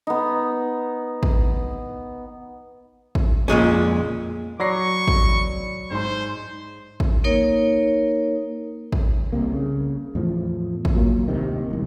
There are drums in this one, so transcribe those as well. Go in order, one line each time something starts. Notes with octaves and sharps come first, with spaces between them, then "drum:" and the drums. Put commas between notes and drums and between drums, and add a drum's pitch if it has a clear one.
B3 D#4
drum: kick
drum: kick
F2 A#2 G#3 C#4
F#3 D5 B5 C#6 D6 A#6 C7
drum: kick
G#2 C5 C6
drum: kick
A#3 D#4 A#4 C#5
drum: kick
C2 C3 A#3
C#3
E2 A2 F3
drum: kick
A#2 F#3 A#3
D1 A#1 C3 D#3
E1 C2